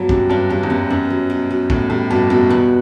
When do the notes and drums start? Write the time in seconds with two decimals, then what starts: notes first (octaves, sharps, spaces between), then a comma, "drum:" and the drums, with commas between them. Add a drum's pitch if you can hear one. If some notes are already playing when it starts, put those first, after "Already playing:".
Already playing: G2 F#3 B3
0.09 F#2 G4, drum: kick
0.30 G2 D4
0.50 G2 G3
0.63 E2, drum: tom G3
0.70 F#2 G3
0.90 F#2 B3
1.10 F#3
1.30 B2
1.50 B2
1.70 A2 B3, drum: kick
1.90 A2 G3
2.11 G2 B2
2.30 F#2 B2
2.50 E2 B3